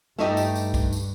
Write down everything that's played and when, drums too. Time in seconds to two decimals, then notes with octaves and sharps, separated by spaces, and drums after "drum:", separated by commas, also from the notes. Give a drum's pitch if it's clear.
0.18 G2 A3 D#4 G4, drum: snare
0.37 drum: tambourine
0.55 drum: tambourine
0.74 drum: kick B1, tambourine
0.93 drum: tambourine